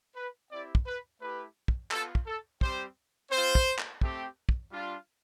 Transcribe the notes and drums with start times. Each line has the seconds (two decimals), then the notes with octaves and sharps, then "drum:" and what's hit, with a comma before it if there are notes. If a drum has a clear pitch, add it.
0.16 B4
0.52 C4 E4 G4 D5
0.75 drum: kick
0.87 B4
1.21 A3 E4 G4 B4
1.68 drum: kick
1.91 B3 F4 A4, drum: clap
2.15 drum: kick
2.27 A4
2.61 G3 C4 G4 C5, drum: kick
3.31 C4 F4 C5
3.55 drum: kick
3.79 drum: clap
4.01 A3 C4 G4, drum: kick
4.49 drum: kick
4.72 G3 D4 F4